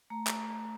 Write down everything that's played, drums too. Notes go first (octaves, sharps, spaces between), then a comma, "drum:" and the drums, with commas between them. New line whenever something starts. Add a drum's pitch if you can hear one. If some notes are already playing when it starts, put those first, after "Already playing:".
A3 A#5
drum: clap